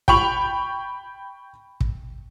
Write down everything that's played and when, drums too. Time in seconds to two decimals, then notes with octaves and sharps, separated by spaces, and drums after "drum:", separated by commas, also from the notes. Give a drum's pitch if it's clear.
0.08 G5 B5 C#6 F7 F#7, drum: kick
1.80 drum: kick